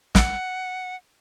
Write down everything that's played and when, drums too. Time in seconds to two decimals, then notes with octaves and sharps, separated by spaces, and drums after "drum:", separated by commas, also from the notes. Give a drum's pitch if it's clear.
0.15 F#5, drum: snare